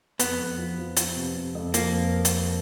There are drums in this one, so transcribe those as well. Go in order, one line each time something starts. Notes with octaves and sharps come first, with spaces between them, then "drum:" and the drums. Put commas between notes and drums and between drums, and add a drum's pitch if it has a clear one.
F2 B3, drum: hi-hat
F2
F3
F3
F3, drum: hi-hat
C3
C3
F2
F3 A#3, drum: hi-hat
F1
drum: hi-hat